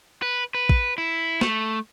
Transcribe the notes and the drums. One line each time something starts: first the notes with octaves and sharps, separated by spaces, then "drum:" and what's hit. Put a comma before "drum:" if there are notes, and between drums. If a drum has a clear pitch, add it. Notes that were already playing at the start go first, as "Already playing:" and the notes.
B4
B4
drum: kick
E4
A3, drum: snare